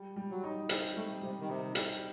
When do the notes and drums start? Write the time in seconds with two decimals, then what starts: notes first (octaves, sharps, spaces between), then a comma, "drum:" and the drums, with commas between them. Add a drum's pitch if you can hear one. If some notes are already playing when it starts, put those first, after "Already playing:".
Already playing: G3
0.16 G3
0.31 F#3
0.44 D#4
0.69 C4, drum: hi-hat
0.96 G3 A3
1.22 C3 G3
1.40 D#3
1.49 C3 D#4
1.75 C4, drum: hi-hat